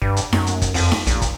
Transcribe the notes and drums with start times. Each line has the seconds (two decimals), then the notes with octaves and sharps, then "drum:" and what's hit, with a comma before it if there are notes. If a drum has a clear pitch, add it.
0.02 G2, drum: kick
0.17 drum: hi-hat
0.33 F#2, drum: snare D#4
0.47 drum: hi-hat
0.62 drum: kick, hi-hat
0.74 F2, drum: open hi-hat
0.92 drum: snare D#4
1.07 A#1, drum: hi-hat
1.22 drum: kick, hi-hat